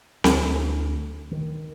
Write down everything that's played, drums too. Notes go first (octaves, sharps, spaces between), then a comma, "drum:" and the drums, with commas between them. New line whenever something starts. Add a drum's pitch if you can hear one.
D2, drum: snare C4
D#3